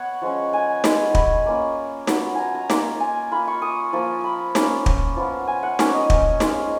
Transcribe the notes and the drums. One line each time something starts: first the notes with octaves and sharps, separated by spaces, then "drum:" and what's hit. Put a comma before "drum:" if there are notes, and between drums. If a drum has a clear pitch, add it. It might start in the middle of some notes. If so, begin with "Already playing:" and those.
Already playing: B3 C#5 F#5
F3 G#3 C#4
G#5
G#3 B3 F4, drum: snare
B5, drum: kick
A#3 C#4 F4
F#3 B3 F4, drum: snare
G#5 A#5
A#5
A#3 F4 A#5, drum: snare
G#5
A#3 F4 B5
C#6
D#6
F3 A#3 F4
B5
A#3 C#4 F4, drum: snare
drum: kick
F3 B3 F4
G#5
F#5
F3 A#3 C#4, drum: snare
D#5
drum: kick
G#3 C#4 F4, drum: snare